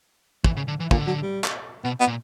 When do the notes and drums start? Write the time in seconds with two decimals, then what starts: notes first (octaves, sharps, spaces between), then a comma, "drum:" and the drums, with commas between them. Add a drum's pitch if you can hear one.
0.44 E3, drum: kick
0.57 C#3
0.68 D3
0.80 E3
0.91 A#2 D3, drum: kick
1.07 F#3
1.22 G3
1.44 drum: clap
1.84 B2 B3
2.00 B3
2.07 A#2